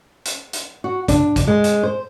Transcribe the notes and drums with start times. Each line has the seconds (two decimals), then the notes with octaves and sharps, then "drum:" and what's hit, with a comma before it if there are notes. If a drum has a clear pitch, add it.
0.25 drum: hi-hat
0.53 drum: hi-hat
0.84 F#4
1.08 D4, drum: kick A1, hi-hat
1.36 drum: kick A1, hi-hat
1.47 G#3
1.64 drum: hi-hat
1.83 C5